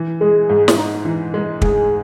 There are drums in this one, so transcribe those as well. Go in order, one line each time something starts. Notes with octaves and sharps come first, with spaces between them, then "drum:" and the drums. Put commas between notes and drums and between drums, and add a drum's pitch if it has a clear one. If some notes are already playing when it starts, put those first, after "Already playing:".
Already playing: E3
G#3 G#4
G#2
drum: snare
D#4
E3
G#3
G#2 G#4, drum: kick